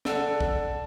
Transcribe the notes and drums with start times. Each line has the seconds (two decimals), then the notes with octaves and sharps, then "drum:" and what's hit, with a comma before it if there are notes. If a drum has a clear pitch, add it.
0.05 A4 D5 F#5 A5 E6, drum: snare
0.40 drum: kick